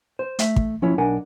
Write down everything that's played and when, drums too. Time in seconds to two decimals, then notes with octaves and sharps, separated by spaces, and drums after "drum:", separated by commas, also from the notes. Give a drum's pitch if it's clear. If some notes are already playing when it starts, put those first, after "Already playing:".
0.19 C5
0.39 A3 E5, drum: hi-hat
0.56 drum: kick
0.82 F3 C#4 E4 C#5
0.98 B1 D4 A#4 F#5 G#5